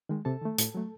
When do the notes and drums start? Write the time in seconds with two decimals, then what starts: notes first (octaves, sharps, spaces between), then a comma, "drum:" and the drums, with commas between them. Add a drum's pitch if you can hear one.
0.09 D#3 G#3
0.25 C3 A4 A5
0.41 D#3 A3
0.58 A2, drum: hi-hat
0.75 F#3 A3